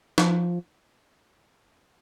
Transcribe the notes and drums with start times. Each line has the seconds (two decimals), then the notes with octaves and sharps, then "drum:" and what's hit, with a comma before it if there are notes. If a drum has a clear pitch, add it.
0.18 F3, drum: snare